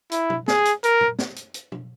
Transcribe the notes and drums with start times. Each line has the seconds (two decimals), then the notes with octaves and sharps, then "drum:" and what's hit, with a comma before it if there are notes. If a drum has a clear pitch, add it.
0.12 E4, drum: hi-hat
0.30 drum: tom
0.48 G#4, drum: snare
0.65 drum: hi-hat
0.84 A#4, drum: hi-hat
1.01 drum: tom A#2
1.19 drum: snare
1.36 drum: hi-hat
1.54 drum: hi-hat
1.72 drum: tom